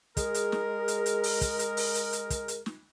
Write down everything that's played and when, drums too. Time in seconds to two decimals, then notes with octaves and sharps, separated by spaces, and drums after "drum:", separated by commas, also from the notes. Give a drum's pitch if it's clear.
0.17 G#3 G#4 A#4, drum: kick, hi-hat
0.34 drum: hi-hat
0.52 drum: snare
0.88 drum: hi-hat
1.06 drum: hi-hat
1.23 drum: open hi-hat
1.41 drum: kick, hi-hat
1.59 drum: hi-hat
1.77 drum: open hi-hat
1.95 drum: hi-hat
2.13 drum: hi-hat
2.30 drum: kick, hi-hat
2.48 drum: hi-hat
2.66 drum: snare